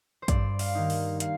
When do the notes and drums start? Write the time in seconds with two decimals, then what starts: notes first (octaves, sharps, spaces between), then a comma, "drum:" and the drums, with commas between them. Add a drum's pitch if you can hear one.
0.22 C5
0.28 G2 D5, drum: kick, hi-hat
0.59 F5, drum: open hi-hat
0.75 D#3 A#3 D#4
0.90 drum: open hi-hat
1.20 F5, drum: hi-hat